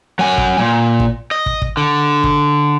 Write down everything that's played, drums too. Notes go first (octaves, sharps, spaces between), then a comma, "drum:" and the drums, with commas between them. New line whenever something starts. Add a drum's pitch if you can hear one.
F#3 G#5
drum: kick
A#2
drum: kick
D#5
drum: kick
drum: kick
D3
drum: kick